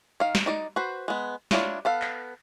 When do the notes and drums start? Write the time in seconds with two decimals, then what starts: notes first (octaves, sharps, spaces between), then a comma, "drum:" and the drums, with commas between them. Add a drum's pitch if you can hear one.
0.20 D#3 F5
0.35 drum: snare
0.46 D#4 D5 D#5
0.76 F#4 B4 C5
1.08 G#3 B3
1.51 D4 E4 F4 C#5, drum: snare
1.85 B3 A4 F5
2.02 drum: clap